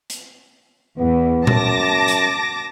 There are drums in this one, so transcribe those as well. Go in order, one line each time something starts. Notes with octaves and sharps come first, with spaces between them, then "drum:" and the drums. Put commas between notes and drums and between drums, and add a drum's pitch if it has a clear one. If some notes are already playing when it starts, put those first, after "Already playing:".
drum: hi-hat
E2 B3
F#2 A5 D6 A#6, drum: tom A#2
drum: hi-hat